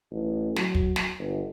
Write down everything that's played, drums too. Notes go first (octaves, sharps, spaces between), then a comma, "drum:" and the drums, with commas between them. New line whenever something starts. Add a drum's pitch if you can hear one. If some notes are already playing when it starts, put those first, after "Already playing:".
A1
F#3, drum: snare
drum: kick
drum: snare
G1